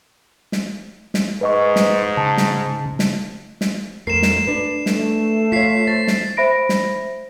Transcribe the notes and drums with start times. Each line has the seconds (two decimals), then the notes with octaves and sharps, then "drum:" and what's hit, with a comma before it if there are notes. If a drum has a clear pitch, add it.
0.52 drum: snare
1.14 drum: snare
1.41 G#2 B4 D#5 C#6
1.76 drum: snare
2.17 C#3 A5
2.37 drum: snare
2.99 drum: snare
3.61 drum: snare
4.07 F2 A3 A#4 C7 E7
4.22 drum: snare
4.47 D4 B4
4.86 A3, drum: snare
5.52 F4 C#5 B6 C7
5.87 C5 A6
6.08 drum: snare
6.37 C5 E5 B5 A#6 D7
6.69 drum: snare